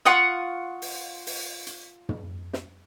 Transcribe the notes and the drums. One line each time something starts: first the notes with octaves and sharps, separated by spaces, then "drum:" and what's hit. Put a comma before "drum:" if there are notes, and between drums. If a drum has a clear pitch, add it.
F4 F#5 C#6 D#6, drum: snare
drum: open hi-hat
drum: open hi-hat
drum: hi-hat
drum: tom
drum: snare